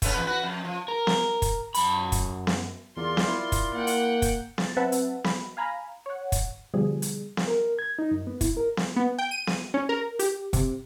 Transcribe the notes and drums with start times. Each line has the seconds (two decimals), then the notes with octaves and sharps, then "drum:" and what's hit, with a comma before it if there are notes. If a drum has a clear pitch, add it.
0.02 A3 B3 C#4, drum: kick, hi-hat
0.14 E2 B4
0.27 F#4 B4
0.43 F2
0.65 F3
0.88 A#4
1.07 drum: snare B3
1.42 drum: kick, hi-hat
1.74 F#2 B5, drum: hi-hat
2.12 drum: kick, hi-hat
2.47 drum: snare B3
2.97 E2 F4 A#4 D5 C6
3.17 drum: snare B3
3.28 E4
3.52 drum: kick, hi-hat
3.74 A#3 F#5 G5
3.87 drum: hi-hat
4.22 drum: kick, hi-hat
4.58 A6, drum: snare B3
4.77 F#3 C4 B4 E5 F#5 A5
4.92 drum: hi-hat
5.24 B5, drum: snare B3
5.57 F5 G#5 A#5 B5
6.06 C#5 F#5
6.32 drum: kick, hi-hat
6.74 B2 D3 F3 G3 G#4
7.02 drum: hi-hat
7.37 drum: snare B3
7.47 A#4
7.79 G#6
7.99 D#4
8.11 F#2
8.27 B3
8.41 E4, drum: kick, hi-hat
8.57 A#4
8.77 drum: snare B3
8.96 B3
9.19 G5
9.31 D#7
9.47 drum: snare B3
9.74 C#4
9.89 A#4
10.19 G4, drum: hi-hat
10.53 C3, drum: kick, hi-hat